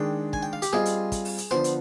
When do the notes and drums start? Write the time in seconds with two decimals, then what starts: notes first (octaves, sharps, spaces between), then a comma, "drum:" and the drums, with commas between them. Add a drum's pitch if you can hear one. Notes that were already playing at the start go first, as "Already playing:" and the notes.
Already playing: D#3 G#3 D4 G5
0.33 G#5, drum: kick
0.43 G5
0.53 F5
0.62 G4, drum: hi-hat
0.73 G3 C4 F4 G#4 C5 D#5, drum: rim click
0.86 drum: hi-hat
1.12 drum: kick, hi-hat
1.25 drum: open hi-hat
1.38 drum: hi-hat
1.51 D3 F3 B3 C5, drum: rim click
1.64 drum: hi-hat